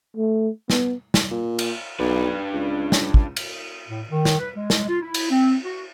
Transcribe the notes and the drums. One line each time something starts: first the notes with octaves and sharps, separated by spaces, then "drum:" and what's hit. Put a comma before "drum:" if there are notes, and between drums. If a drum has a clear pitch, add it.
A3
B3, drum: snare
drum: snare
A#2
drum: cymbal
B1 D4 B4
C#2
drum: snare
drum: kick
drum: cymbal
A2
D#3
drum: snare
B4
G#3
drum: snare
F4
E4
drum: cymbal
C4
F#4